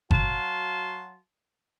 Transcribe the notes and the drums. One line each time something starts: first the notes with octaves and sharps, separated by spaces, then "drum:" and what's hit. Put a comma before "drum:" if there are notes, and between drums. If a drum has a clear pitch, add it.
F#3 F#4 F5 A5 C6, drum: kick G1